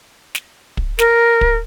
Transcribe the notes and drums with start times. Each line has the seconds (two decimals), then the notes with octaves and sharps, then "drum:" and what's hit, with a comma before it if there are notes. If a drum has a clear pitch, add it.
0.35 drum: snare
0.77 drum: kick
0.99 A#4, drum: snare
1.41 drum: kick